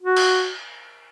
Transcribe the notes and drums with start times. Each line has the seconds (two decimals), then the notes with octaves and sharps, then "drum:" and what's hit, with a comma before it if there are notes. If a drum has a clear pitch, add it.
0.02 F#4
0.16 drum: cymbal